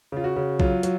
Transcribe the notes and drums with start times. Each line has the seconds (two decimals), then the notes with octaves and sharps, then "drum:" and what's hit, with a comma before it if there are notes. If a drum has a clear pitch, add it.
0.12 C#3 F4
0.24 F#4
0.36 C#3
0.60 F#3 F4, drum: kick B1
0.83 F#3, drum: hi-hat